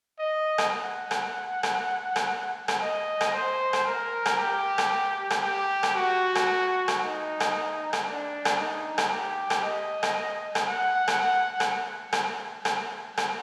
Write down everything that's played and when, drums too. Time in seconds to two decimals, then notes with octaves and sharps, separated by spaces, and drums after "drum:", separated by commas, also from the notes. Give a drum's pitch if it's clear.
0.19 D#5
0.58 drum: rim click
0.72 F#5
1.11 drum: rim click
1.63 drum: rim click
2.16 drum: rim click
2.68 drum: rim click
2.82 D#5
3.21 drum: rim click
3.34 C5
3.73 drum: rim click
3.87 A#4
4.26 drum: rim click
4.38 G4
4.78 drum: rim click
5.30 drum: rim click
5.44 G4
5.83 drum: rim click
5.96 F#4
6.35 drum: rim click
6.88 drum: rim click
7.01 D#4
7.40 drum: rim click
7.93 drum: rim click
8.06 D4
8.45 drum: rim click
8.58 D#4
8.98 drum: rim click
9.11 G4
9.50 drum: rim click
9.63 D#5
10.03 drum: rim click
10.55 drum: rim click
10.69 F#5
11.08 drum: rim click
11.21 F#5
11.60 drum: rim click
12.13 drum: rim click
12.65 drum: rim click
13.17 drum: rim click